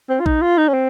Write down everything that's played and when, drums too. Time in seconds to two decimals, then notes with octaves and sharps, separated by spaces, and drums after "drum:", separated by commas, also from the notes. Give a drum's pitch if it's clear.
0.10 C4
0.20 F4
0.26 D#4, drum: kick A#1
0.42 F4
0.58 D#4
0.68 C#4
0.74 C4